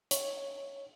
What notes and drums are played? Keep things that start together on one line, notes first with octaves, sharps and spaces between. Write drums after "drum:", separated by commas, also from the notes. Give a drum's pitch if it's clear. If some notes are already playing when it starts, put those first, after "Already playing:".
C#5, drum: hi-hat